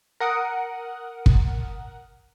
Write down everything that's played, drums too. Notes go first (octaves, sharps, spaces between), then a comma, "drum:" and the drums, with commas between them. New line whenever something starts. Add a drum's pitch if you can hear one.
A#4 F#5 D#6
drum: kick